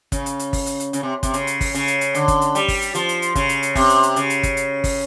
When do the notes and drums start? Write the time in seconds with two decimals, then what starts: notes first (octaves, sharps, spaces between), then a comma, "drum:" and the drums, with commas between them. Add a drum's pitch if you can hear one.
0.12 C#3, drum: kick, hi-hat
0.26 drum: hi-hat
0.39 drum: hi-hat
0.53 drum: kick, open hi-hat
0.66 drum: hi-hat
0.80 drum: hi-hat
0.93 C#3, drum: hi-hat
1.03 C3
1.23 C3, drum: kick, hi-hat
1.34 C#3, drum: hi-hat
1.47 drum: hi-hat
1.61 drum: kick, open hi-hat
1.74 C#3, drum: hi-hat
1.88 drum: hi-hat
2.01 drum: hi-hat
2.15 D3, drum: hi-hat
2.28 drum: kick, hi-hat
2.41 drum: hi-hat
2.55 G3, drum: hi-hat
2.68 drum: kick, open hi-hat
2.82 drum: hi-hat
2.95 F3, drum: hi-hat
3.09 drum: hi-hat
3.22 drum: hi-hat
3.35 C#3, drum: kick, hi-hat
3.49 drum: hi-hat
3.63 drum: hi-hat
3.75 C3, drum: kick, open hi-hat
3.90 drum: hi-hat
4.03 drum: hi-hat
4.16 C#3, drum: hi-hat
4.30 drum: hi-hat
4.43 drum: kick, hi-hat
4.57 drum: hi-hat
4.84 drum: kick, open hi-hat